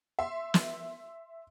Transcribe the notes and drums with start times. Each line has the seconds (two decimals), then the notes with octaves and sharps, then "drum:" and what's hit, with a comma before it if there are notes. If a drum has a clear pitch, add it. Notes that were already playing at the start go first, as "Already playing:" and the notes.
0.19 E5 C6
0.54 drum: snare